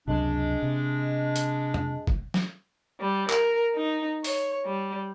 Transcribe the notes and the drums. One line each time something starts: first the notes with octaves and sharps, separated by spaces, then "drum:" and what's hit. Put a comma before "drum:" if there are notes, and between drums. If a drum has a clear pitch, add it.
C#2 F#2 C3 G#3 D4
C3
drum: hi-hat
drum: tom F2
drum: kick
drum: snare
G3
A#4, drum: clap
D#4
C#5, drum: open hi-hat
G3